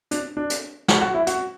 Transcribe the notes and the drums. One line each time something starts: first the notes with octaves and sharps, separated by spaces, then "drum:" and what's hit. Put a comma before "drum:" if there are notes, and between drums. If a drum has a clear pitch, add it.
D4, drum: hi-hat
D4
drum: hi-hat
F#4, drum: snare
F#4
E4
F#4, drum: hi-hat